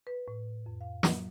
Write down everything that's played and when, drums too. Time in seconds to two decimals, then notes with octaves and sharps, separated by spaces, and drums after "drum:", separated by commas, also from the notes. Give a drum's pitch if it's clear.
0.07 B4
0.28 A2
0.66 F2
0.81 F5
1.03 F#3, drum: snare